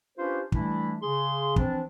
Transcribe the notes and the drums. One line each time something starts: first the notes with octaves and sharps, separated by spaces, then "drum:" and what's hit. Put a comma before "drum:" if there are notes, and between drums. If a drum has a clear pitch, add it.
C#4 D4 F4 G4 B4 C5
E3 G3 A3 D4 E4, drum: kick
C#3 G#4 C6
E3 F3 C4 D4, drum: kick